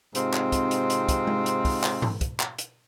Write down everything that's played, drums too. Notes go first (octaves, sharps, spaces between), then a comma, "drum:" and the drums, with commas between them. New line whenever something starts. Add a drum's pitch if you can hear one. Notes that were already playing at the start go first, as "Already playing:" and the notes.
G#2 C3 C4 D#4 F4, drum: hi-hat
drum: clap
drum: kick, hi-hat
drum: hi-hat
drum: hi-hat
drum: kick, hi-hat
drum: tom G#3
drum: hi-hat
drum: kick, open hi-hat
drum: clap
drum: tom G#2
drum: kick, hi-hat
drum: clap
drum: hi-hat